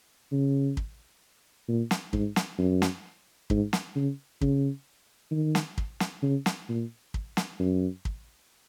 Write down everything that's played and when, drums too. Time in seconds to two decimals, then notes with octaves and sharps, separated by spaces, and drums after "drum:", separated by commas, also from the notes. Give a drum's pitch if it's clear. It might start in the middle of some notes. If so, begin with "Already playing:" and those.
0.32 C#3
0.77 drum: kick
1.68 A#2
1.91 drum: snare
2.13 G#2, drum: kick
2.36 drum: snare
2.58 F#2
2.82 drum: snare
3.50 G#2, drum: kick
3.73 drum: snare
3.96 C#3
4.41 C#3, drum: kick
5.31 D#3
5.55 drum: snare
5.78 drum: kick
6.00 drum: snare
6.22 C#3
6.46 drum: snare
6.69 A#2
7.14 drum: kick
7.37 drum: snare
7.59 F#2
8.05 drum: kick